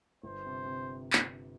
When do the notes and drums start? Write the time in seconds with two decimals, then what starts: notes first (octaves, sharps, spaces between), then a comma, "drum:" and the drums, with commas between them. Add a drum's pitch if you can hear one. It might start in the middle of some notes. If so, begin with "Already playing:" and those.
0.23 G1 C5
0.45 C3
0.65 C3
1.13 drum: clap